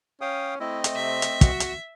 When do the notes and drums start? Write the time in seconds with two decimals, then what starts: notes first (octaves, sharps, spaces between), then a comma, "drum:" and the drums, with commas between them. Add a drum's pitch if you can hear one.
0.21 C#4 F5 G5 D#6
0.60 A3 C4 E4 D#5
0.84 drum: hi-hat
0.95 C3 E5
1.22 drum: hi-hat
1.41 F#4, drum: kick, hi-hat
1.60 drum: hi-hat